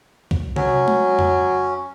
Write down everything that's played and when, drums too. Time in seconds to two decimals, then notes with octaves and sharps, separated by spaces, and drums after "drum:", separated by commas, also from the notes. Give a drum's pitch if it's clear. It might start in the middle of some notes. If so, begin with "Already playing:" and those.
0.31 drum: kick C2
0.56 F#3 C#4, drum: tom C3
0.88 drum: tom G#3
1.19 drum: tom F2